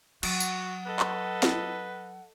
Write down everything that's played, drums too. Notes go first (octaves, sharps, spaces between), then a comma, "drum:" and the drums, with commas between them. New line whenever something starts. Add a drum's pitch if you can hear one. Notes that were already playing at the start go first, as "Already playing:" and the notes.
F#3 F#4 F#5, drum: cymbal
drum: tambourine
A4 B4 D#5
drum: clap
drum: snare